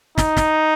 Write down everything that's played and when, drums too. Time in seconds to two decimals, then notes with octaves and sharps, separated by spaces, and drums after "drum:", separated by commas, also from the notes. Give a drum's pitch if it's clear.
0.18 D#4, drum: snare
0.37 drum: snare